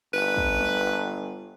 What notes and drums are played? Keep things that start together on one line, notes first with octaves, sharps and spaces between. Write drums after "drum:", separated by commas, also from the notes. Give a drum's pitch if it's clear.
G1 B4
drum: kick
drum: tom F#3